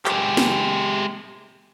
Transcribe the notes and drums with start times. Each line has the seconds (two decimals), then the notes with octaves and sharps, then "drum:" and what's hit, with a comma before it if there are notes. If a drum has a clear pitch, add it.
0.05 G#3 G4, drum: clap
0.37 drum: snare